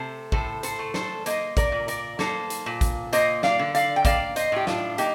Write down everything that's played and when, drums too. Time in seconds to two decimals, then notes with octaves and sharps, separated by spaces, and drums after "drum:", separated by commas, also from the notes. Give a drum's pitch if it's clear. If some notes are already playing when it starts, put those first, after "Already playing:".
Already playing: C3 A3 A4 C5
0.32 A2 A4 C5, drum: kick
0.63 A4 C5, drum: hi-hat
0.79 A3
0.94 A4 C5, drum: snare
1.26 A#3 C5 D#5, drum: hi-hat
1.57 A#4 D5, drum: kick, hi-hat
1.72 A#2
1.88 A#4 D5, drum: hi-hat
2.19 A#3 A4 C5, drum: snare
2.50 drum: hi-hat
2.66 A#2
2.81 drum: kick, hi-hat
3.13 A#3 C5 D#5, drum: hi-hat
3.43 D5 F5, drum: snare
3.59 D3
3.75 D5 F5, drum: hi-hat
3.96 G5
4.05 A#3 D5 F5, drum: kick, hi-hat
4.36 C5 D#5, drum: hi-hat
4.52 A2 G4
4.67 D4 F4, drum: snare
4.98 A#3 D#4 G4, drum: hi-hat